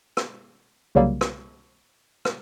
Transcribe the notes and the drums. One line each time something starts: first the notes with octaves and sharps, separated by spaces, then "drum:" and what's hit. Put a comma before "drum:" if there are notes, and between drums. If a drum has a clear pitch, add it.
drum: rim click
C2 C#3 F#3 G3 A#3
drum: rim click
drum: rim click